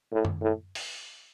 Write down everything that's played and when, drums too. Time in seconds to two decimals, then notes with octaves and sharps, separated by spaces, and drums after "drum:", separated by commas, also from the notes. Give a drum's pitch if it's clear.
0.13 A2
0.25 drum: tom F#2
0.42 A2
0.75 drum: open hi-hat